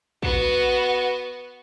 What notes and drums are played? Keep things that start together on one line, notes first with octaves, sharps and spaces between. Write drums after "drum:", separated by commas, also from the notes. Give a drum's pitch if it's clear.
B3 F#4, drum: kick